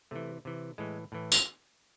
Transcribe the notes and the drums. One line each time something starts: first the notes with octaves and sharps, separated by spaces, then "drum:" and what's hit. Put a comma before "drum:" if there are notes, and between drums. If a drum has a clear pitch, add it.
C3 E3 A3
C3 E3
A2 E3 G#3
A2 E3
drum: tambourine